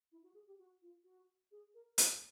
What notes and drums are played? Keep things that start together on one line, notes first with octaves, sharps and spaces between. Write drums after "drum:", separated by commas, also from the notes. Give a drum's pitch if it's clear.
E4
F#4
G#4
G4
F#4
F4
F#4
G#4
A#4
C5, drum: hi-hat